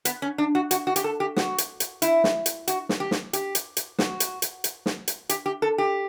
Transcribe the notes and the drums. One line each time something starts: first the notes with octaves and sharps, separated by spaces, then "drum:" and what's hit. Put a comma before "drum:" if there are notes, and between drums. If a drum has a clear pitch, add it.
B3, drum: hi-hat
C#4
D4
F#4
F#4, drum: hi-hat
F#4
G4, drum: hi-hat
A4
G4
F#4, drum: snare
drum: hi-hat
drum: hi-hat
E4, drum: hi-hat
drum: snare
drum: hi-hat
F#4, drum: hi-hat
drum: snare
G4
drum: snare
G4, drum: hi-hat
drum: hi-hat
drum: hi-hat
F#4, drum: snare
drum: hi-hat
drum: hi-hat
drum: hi-hat
drum: snare
drum: hi-hat
G4, drum: hi-hat
G4
A4
G4